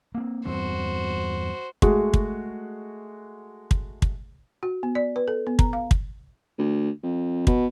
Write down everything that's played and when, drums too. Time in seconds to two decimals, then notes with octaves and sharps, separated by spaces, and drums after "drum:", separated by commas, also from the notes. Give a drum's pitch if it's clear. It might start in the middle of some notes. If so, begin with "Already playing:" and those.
0.15 A#3 C4
0.45 E2 G2 C4 F#4 C5
1.82 G#3 A3 F#4 G#4, drum: kick
2.14 drum: kick
3.71 drum: kick
4.02 drum: kick
4.63 F#4
4.83 B3
4.95 D5
5.16 B4
5.28 A4
5.47 B3
5.59 A#5, drum: kick
5.73 F5
5.91 drum: kick
6.58 D2
7.03 F2
7.47 B2, drum: kick